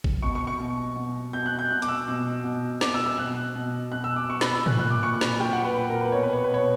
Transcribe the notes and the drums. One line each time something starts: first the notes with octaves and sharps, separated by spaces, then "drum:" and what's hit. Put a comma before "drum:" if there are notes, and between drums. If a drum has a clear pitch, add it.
drum: kick G#1
B2 C#6
C#6
C#6
B2
B2
B2 G6
F#6
G6
B2 F#6
D6, drum: hi-hat
E6
B2
B2
B2 D6, drum: snare
E6
E6
B2 F#6
B2
B2 F#6
E6
D6
B2 C#6
B5, drum: snare
E6
A#2 F#6, drum: tom
F#6
D6
A#2 C#6
B5, drum: snare
A#2 G5, drum: rim click
F#5
B4
A#2 B4
A#4
B4
B2 C#5
B4
C#5
B4
B2 C#5